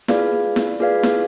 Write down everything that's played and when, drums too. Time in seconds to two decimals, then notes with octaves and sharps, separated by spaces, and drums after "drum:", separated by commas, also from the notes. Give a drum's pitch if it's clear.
0.08 F4 G#4 B4 D5 F5, drum: snare E4
0.56 drum: snare E4
0.80 F4 G#4 B4 D5 F5
1.03 drum: snare E4